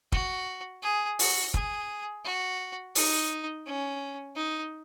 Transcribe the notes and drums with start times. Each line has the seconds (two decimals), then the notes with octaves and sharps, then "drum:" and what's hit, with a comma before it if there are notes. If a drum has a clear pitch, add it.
0.12 F#4, drum: kick
0.83 G#4
1.19 F#4, drum: open hi-hat
1.54 G#4, drum: kick
2.24 F#4
2.95 D#4, drum: open hi-hat
3.66 C#4
4.36 D#4